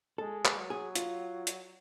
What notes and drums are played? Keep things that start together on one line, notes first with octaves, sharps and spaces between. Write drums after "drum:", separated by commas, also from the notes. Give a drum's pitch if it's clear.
G#3 A4
B4, drum: clap
F#3
G#4
F4, drum: hi-hat
drum: hi-hat